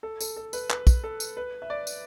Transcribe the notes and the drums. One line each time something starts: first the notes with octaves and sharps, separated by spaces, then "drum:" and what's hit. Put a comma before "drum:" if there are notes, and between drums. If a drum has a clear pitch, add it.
A4
A4, drum: tambourine
A4
B4, drum: tambourine
B4, drum: clap
drum: kick, tambourine
A4
drum: tambourine
B4
E5
D5
drum: tambourine